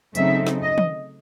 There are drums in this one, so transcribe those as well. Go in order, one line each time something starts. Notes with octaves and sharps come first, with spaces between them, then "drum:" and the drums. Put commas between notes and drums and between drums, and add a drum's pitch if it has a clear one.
C#3 F#3 A3 C4 D#4 E5, drum: hi-hat
drum: snare
D#5
drum: tom